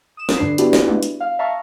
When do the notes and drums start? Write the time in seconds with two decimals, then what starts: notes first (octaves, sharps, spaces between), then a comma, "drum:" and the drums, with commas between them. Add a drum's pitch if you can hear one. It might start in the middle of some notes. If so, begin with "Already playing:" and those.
0.17 D#6 E7
0.29 drum: snare
0.38 G2 D3 D4 B4 C7
0.58 B3 D4 E4 F#4 G4 B4, drum: hi-hat
0.73 drum: snare
0.88 drum: tom G3
1.03 drum: hi-hat
1.20 F5
1.39 E5 F5 A5 A#5 C#6